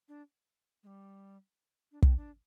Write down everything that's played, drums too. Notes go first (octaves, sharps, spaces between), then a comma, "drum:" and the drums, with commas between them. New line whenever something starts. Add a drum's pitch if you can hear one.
D4
G#3
G3
D4
C4, drum: kick
D4